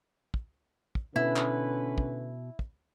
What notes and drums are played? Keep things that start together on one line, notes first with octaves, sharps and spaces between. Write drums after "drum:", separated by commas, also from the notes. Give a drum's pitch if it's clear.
drum: kick
drum: kick
B2 D3 C#4 E4 B4
drum: clap
drum: kick
drum: kick